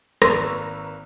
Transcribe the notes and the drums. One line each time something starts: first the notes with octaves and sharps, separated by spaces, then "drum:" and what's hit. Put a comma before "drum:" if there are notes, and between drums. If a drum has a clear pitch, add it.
G#1 A#3 B4 A#5 C#6 E6, drum: rim click